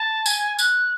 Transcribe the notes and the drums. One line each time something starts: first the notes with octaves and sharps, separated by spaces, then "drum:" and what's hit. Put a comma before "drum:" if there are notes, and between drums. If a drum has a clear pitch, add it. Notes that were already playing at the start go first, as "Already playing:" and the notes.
Already playing: A5
G#5, drum: tambourine
F#6, drum: tambourine